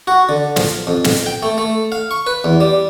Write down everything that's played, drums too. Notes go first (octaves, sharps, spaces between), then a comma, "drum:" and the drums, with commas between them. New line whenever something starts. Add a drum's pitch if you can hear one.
F#4
D3
F3, drum: snare
F2
drum: snare
G5
A3
A3
F5
C#6
B4
E2
G3